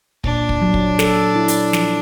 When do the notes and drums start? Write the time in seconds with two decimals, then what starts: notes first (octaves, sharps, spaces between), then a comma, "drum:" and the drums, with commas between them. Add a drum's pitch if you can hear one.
0.24 A#2 D4, drum: kick
0.49 drum: kick
0.62 F#3
0.74 drum: kick
0.99 A4, drum: snare
1.36 E4
1.48 drum: hi-hat
1.73 F3, drum: snare